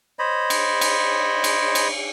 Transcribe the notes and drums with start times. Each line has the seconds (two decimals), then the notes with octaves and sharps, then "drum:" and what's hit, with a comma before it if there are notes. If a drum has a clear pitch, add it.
0.19 C5 C#5 D#5 B5
0.50 drum: cymbal
0.81 drum: cymbal
1.44 drum: cymbal
1.75 drum: cymbal